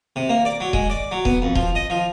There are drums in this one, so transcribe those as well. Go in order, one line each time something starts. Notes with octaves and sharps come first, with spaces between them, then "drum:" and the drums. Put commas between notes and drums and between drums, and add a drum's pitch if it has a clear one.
C3
A#3
D5
F#3
G#3, drum: kick D#1
D5
F#3
B3, drum: kick D#1
F2
F3, drum: kick D#1
D#5
F3